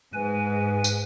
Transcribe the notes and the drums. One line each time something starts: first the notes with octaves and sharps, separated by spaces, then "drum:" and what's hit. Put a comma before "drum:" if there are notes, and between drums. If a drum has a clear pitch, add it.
G#2 B4 G#5
drum: tambourine